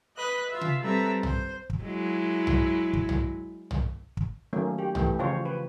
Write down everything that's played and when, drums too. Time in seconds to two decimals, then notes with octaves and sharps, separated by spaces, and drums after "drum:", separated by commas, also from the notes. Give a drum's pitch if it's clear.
0.16 B4 D#5 F#6
0.49 F4 E5
0.61 drum: tom C3
0.82 G3 C4 A4 B4 E5 A#5
1.23 C5, drum: tom
1.70 drum: kick
1.83 F#3 G#3 E4
2.47 drum: tom
2.93 drum: kick
3.09 drum: tom
3.71 drum: tom
4.17 drum: kick
4.53 D#3 F#3 A3 A#3 C#4
4.78 G4
4.95 E3 A3 G4, drum: tom
5.19 C#3 F3 F4 C5 C#5
5.45 B4